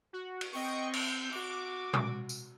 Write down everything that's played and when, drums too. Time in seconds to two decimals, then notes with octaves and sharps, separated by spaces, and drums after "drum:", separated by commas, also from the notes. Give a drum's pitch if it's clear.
0.13 F#4
0.41 drum: cymbal
0.52 C4 D#5 G5 C#6
0.93 G6, drum: cymbal
1.32 F#4 D6
1.93 drum: tom A#2
2.29 drum: tambourine